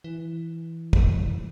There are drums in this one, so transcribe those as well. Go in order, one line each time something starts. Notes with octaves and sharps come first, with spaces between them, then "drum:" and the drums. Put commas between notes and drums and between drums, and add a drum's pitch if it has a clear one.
E3
drum: kick